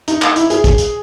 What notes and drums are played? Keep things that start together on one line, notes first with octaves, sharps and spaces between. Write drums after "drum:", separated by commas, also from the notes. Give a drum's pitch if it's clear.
D#4, drum: hi-hat
drum: clap
E4, drum: hi-hat
G#4, drum: hi-hat
drum: kick, hi-hat
drum: hi-hat